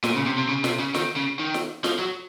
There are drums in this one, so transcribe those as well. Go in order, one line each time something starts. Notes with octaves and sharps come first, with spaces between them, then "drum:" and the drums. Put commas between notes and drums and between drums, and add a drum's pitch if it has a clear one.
A#2, drum: snare
C#3
C3
C3
C#3
C3, drum: snare
C#3
D#3, drum: snare
C#3
D#3
drum: snare
F3, drum: snare
F#3